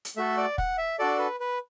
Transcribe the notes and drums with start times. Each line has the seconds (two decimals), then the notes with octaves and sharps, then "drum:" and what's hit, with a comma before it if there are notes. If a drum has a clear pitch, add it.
0.05 drum: hi-hat
0.17 A3 F#4 A4 E5
0.37 D5
0.58 F#5, drum: kick
0.78 E5
0.99 D4 F#4 A4 D5
1.19 B4
1.40 B4